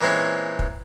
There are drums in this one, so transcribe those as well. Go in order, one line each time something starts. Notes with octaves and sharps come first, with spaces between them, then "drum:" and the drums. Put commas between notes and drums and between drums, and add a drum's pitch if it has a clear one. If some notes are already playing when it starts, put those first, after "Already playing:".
A#2 E3 G#3 C4 C#4
drum: kick